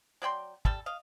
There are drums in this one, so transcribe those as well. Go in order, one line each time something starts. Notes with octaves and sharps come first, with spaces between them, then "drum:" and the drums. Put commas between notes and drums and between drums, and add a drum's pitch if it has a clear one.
F#3 D5 G5 C6
G3 A4, drum: kick
D#5 F5